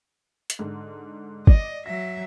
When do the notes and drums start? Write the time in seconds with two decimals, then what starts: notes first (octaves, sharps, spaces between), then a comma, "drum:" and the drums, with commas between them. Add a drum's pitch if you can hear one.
0.50 drum: hi-hat
0.59 G#2 D3
1.47 D5 D#5, drum: kick
1.86 F#3 E5 A#6